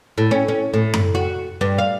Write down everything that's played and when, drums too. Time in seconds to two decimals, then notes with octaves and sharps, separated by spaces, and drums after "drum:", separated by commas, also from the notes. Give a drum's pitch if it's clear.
0.18 A2
0.31 C#4
0.48 C#4
0.74 A2
0.94 drum: tom F#2
1.15 F#4
1.61 G2
1.78 F5